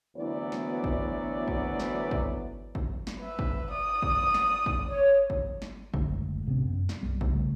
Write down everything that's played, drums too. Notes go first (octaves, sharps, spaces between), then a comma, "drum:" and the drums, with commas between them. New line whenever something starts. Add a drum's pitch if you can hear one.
D2 E3 F#3 B3 E4 D5
drum: snare
drum: kick
drum: kick
drum: snare
drum: kick
drum: kick
drum: snare
B4 E5
drum: kick
D5 D#6
drum: kick
drum: snare
drum: kick
C#5
drum: kick
drum: snare
F#1 D2 G#3, drum: kick
A1 C3 B3 C#4
F#2
drum: snare
B1 G3 B3
drum: kick
C#3 A3